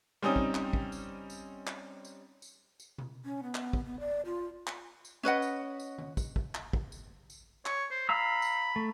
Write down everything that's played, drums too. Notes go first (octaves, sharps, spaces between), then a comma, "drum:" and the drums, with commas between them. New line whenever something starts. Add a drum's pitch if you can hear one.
G3 C4 C#4 D#4 D#6
drum: kick
drum: clap
drum: kick
drum: tambourine
drum: tambourine
drum: clap
drum: tambourine
drum: tambourine
drum: tambourine
drum: tom B2
C#4
B3
drum: clap
drum: kick
B3
D5
F4
drum: clap
drum: tambourine
C#4 B4 D#5 F#5
drum: tambourine
drum: tambourine
drum: tom D#3
drum: kick, tambourine
drum: kick
drum: clap
drum: kick
drum: tambourine
drum: tambourine
C#5, drum: clap
C5
F5 A#5 B5 E6
drum: tambourine
A3